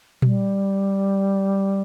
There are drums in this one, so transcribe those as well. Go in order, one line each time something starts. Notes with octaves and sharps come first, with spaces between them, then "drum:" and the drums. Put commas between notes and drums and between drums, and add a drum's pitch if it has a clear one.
G3, drum: tom A#2